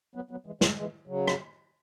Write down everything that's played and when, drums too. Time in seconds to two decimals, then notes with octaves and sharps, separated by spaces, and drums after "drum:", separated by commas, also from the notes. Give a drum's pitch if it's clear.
0.15 F#3 B3
0.31 F#3 B3
0.46 E3 G#3
0.61 C#3 F#3, drum: snare
0.76 E3 G#3
1.07 C#3 F#3
1.28 drum: rim click